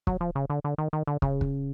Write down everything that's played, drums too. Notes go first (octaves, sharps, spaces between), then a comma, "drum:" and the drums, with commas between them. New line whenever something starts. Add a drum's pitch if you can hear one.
F#3, drum: kick
F3
C#3
D3
D3
D#3
D#3
D3
C#3, drum: kick
drum: kick